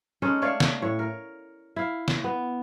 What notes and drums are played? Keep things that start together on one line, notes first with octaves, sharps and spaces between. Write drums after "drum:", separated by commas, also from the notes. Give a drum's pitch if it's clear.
G#3 C#4 D#4 A4
A3 C#5 D5 F5
drum: snare
A2 C#5
A#4
E4 F5
drum: snare
B3